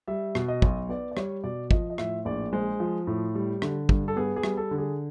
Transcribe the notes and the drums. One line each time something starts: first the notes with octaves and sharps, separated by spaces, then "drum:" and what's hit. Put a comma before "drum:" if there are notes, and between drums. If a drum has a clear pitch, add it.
G3 E5
B2, drum: rim click
D#5
B1, drum: kick
B3 D5
D5
G3 C#5, drum: rim click
B2 D5
F3 D#5, drum: kick
D#5
A2 E5, drum: rim click
A#1 D5
G#3 C5
F3
A2
G3
D3, drum: rim click
G2, drum: kick
A4
B3 G#4
G#4
G3, drum: rim click
A4
D3
G#4